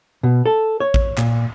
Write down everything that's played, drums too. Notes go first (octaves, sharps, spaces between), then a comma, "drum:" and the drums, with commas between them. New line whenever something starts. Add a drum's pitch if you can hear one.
B2
A4
C#5
drum: kick A1
A#2, drum: clap